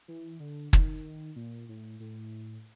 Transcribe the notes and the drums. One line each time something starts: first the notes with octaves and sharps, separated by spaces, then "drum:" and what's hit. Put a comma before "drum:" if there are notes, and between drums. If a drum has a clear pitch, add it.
E3
D3
D#3, drum: kick
A#2
A2
A2